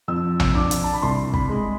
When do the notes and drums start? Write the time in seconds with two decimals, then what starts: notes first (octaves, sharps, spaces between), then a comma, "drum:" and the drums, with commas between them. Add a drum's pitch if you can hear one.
0.08 F2 E6
0.40 drum: tom A#1
0.55 D4 D6
0.71 drum: hi-hat
0.84 A5
0.93 B5
1.03 C2 C6
1.34 B5, drum: kick
1.49 G#3